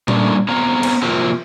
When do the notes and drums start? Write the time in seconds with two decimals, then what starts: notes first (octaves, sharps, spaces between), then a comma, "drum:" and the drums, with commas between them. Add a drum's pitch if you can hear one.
0.08 G3 A3 A#3 C#4 D4 G4, drum: tom A#2
0.49 B3 C4 C#5 F5 A#5
0.83 drum: cymbal
1.02 C3 F3 F#3 A#3 C4